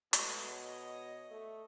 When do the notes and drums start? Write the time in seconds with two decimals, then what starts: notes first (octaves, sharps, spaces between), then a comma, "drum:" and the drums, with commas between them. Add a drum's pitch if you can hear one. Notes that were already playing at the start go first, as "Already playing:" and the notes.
0.13 B2 G#3 A3, drum: hi-hat
0.52 C#5 D#5
1.31 A3